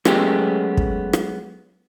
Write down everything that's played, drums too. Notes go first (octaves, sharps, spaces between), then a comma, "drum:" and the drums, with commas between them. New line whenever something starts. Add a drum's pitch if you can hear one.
F#3 G#3 A3 B3 C#4 G4, drum: rim click
drum: kick
drum: rim click